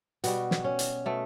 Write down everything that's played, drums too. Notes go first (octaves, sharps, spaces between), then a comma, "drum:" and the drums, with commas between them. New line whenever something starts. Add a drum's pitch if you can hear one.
B2 G3 F#4, drum: hi-hat
drum: snare
C#4
drum: hi-hat
B2 A3